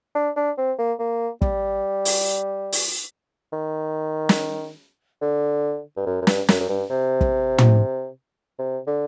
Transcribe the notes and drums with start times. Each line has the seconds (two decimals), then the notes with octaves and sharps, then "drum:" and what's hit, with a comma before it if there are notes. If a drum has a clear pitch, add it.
0.15 D4
0.36 D4
0.58 C4
0.78 A#3
0.99 A#3
1.42 G3, drum: kick
2.05 drum: open hi-hat
2.72 drum: open hi-hat
3.53 D#3
4.29 drum: snare
5.22 D3
5.97 G2
6.06 F#2
6.22 F#2
6.27 G2, drum: snare
6.48 F#2, drum: snare
6.60 F#2
6.69 G2
6.90 C3
7.21 drum: kick
7.58 drum: tom
8.59 C3
8.87 D3